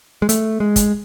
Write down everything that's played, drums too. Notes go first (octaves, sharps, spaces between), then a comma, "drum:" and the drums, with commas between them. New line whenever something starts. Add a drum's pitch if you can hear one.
G#3
A3, drum: hi-hat
G#3
drum: kick, hi-hat